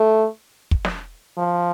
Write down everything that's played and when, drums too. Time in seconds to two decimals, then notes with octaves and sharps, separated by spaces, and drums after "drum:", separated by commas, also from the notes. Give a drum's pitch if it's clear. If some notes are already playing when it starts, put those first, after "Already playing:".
Already playing: A3
0.71 drum: kick
0.85 drum: snare
1.38 F3